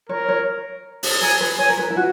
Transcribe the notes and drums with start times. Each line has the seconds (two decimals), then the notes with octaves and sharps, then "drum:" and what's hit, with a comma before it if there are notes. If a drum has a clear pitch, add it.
0.09 A#4 C#5
0.28 C#5
1.03 drum: open hi-hat
1.21 A#4 G#5
1.41 B4
1.59 C#5 G#5
1.69 A#4
1.78 B4
1.90 E4
1.96 F#4